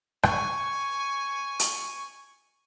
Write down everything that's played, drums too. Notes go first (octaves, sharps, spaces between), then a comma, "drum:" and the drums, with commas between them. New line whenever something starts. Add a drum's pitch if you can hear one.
G#5 C#6, drum: rim click
drum: hi-hat